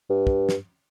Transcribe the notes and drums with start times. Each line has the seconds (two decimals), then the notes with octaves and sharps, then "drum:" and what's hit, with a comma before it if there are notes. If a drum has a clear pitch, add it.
0.10 G2
0.27 drum: kick
0.49 drum: snare